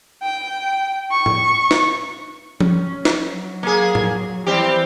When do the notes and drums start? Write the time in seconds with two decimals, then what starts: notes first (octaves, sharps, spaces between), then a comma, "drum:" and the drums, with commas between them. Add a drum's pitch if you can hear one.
0.23 G5
1.11 C#6
1.26 drum: tom A2
1.71 drum: snare
2.61 C#4, drum: tom F3
3.05 drum: snare
3.29 F#3
3.63 A#3 G#4
3.95 drum: tom A2
4.47 E3 G3 C4 G4